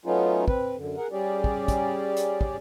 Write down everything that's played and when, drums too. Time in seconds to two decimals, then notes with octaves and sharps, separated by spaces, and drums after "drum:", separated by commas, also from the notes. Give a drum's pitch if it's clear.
0.05 F#3 A3 B3 C#4 D#4 F4
0.48 C4 B4, drum: kick
0.76 F#2 D3
0.97 G#4 A#4 F#5
1.12 G3 C#4 G4 G#4 D5
1.44 drum: kick
1.68 drum: kick, hi-hat
2.17 drum: hi-hat
2.41 drum: kick